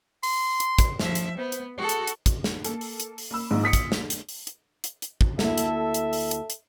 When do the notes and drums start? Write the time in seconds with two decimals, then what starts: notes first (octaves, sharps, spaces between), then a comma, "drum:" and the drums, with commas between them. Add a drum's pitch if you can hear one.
0.23 C6, drum: open hi-hat
0.60 drum: hi-hat
0.78 drum: kick, hi-hat
0.99 F3 E5, drum: snare
1.15 drum: hi-hat
1.38 B3 C5
1.52 drum: hi-hat
1.78 F#4 G#4 A4
1.89 drum: hi-hat
2.07 drum: hi-hat
2.26 drum: kick, hi-hat
2.44 drum: snare
2.64 A#3 A4, drum: hi-hat
2.81 drum: open hi-hat
3.00 drum: hi-hat
3.18 drum: open hi-hat
3.31 A#3 B5 E6
3.51 A#1 G#2 F4
3.64 D#6 B6 C#7
3.73 drum: kick, hi-hat
3.92 drum: snare
4.10 drum: hi-hat
4.29 drum: open hi-hat
4.47 drum: hi-hat
4.84 drum: hi-hat
5.02 drum: hi-hat
5.21 drum: kick
5.39 D2 A#3 E4 A4 E5, drum: snare
5.58 drum: hi-hat
5.94 drum: hi-hat
6.13 drum: open hi-hat
6.31 drum: hi-hat
6.50 drum: hi-hat